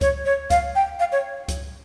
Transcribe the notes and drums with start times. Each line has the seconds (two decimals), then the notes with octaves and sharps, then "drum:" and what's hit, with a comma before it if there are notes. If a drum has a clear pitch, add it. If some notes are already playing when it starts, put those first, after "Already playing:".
0.01 C#5, drum: kick C#2, hi-hat
0.25 C#5
0.50 F5, drum: kick C#2, hi-hat
0.75 G5
1.00 F5
1.12 C#5
1.48 drum: kick C#2, hi-hat